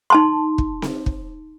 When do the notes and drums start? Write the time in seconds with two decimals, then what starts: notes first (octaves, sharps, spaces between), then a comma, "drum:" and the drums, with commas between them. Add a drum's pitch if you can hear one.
0.10 D#4 A5 C6
0.58 drum: kick
0.82 drum: snare C4
1.06 drum: kick